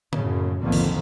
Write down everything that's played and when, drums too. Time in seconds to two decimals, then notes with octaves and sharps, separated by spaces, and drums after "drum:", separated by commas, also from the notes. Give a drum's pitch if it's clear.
0.13 F#2 A2 C#3, drum: tom D3
0.61 B1 F2 A2 D3 D#3 A#3
0.72 drum: cymbal